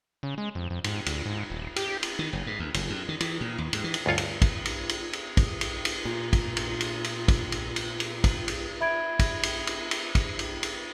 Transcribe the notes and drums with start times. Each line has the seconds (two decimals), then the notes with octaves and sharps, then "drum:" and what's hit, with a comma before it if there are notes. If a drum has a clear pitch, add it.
0.23 C#3
0.38 G#3
0.55 F2
0.70 F2
0.84 G#2, drum: cymbal
1.06 D2, drum: cymbal
1.25 G#2
1.50 D#1
1.76 G4, drum: cymbal
2.03 drum: cymbal
2.19 D#3
2.33 F#1
2.47 G#2
2.59 D2
2.74 F#1, drum: cymbal
2.90 F#2
3.09 D#3
3.21 E3, drum: cymbal
3.41 A#2
3.58 D#2
3.73 G#2, drum: cymbal
3.84 E3
3.94 drum: cymbal
4.06 D2 G2 F4 C#5
4.18 drum: cymbal
4.42 drum: kick, cymbal
4.66 drum: cymbal
4.89 drum: cymbal
5.13 drum: cymbal
5.37 drum: kick, cymbal
5.61 drum: cymbal
5.85 drum: cymbal
6.05 A#2 F4
6.33 drum: kick, cymbal
6.57 drum: cymbal
6.81 drum: cymbal
7.04 drum: cymbal
7.28 drum: kick, cymbal
7.52 drum: cymbal
7.76 drum: cymbal
8.00 drum: cymbal
8.24 drum: kick, cymbal
8.48 drum: cymbal
8.81 E5 B5 G#6 D7
9.19 drum: kick, cymbal
9.43 drum: cymbal
9.67 drum: cymbal
9.91 drum: cymbal
10.15 drum: kick, cymbal
10.39 drum: cymbal
10.63 drum: cymbal